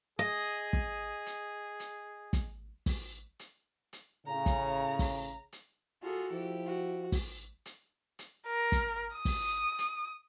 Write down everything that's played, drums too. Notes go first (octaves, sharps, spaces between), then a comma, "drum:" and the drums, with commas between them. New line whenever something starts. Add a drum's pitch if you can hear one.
G#4 D#5
drum: kick
drum: hi-hat
drum: hi-hat
drum: kick, hi-hat
drum: kick, open hi-hat
drum: hi-hat
drum: hi-hat
A2 C#3 A#5
drum: kick, hi-hat
drum: kick, open hi-hat
drum: hi-hat
F4 F#4 G#4 A4
F3 E4 G4
F#4
drum: kick, open hi-hat
drum: hi-hat
drum: hi-hat
A#4
drum: kick, hi-hat
D#6
drum: kick, open hi-hat
drum: hi-hat